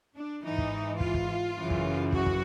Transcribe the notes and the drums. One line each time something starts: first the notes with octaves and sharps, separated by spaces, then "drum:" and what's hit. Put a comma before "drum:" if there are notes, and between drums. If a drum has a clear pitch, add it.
D4
G#2 E3 D#4
drum: kick
F4, drum: kick
drum: kick
F#2 C#3 E3
drum: kick
F#4, drum: kick
drum: kick